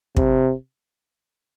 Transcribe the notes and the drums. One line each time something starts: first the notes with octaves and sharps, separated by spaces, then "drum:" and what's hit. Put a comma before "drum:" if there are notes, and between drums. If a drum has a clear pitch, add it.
C3, drum: kick